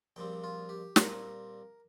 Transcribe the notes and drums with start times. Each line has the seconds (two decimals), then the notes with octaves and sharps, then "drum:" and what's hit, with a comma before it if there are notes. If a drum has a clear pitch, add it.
0.16 A#1 A#2 G3 C4 G5
0.44 F4
0.69 G4
0.96 A#2 G3 C4 A#4, drum: snare